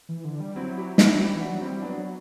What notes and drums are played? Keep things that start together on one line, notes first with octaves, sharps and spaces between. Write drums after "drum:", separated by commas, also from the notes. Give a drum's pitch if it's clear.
E3
D3
G3
F#3 C4 E4
E4 G4
E4 G4, drum: snare
G3 E4 G4
E3
D4 F#4
F#3
G3 C4 E4
F#3 B3 D4
F#3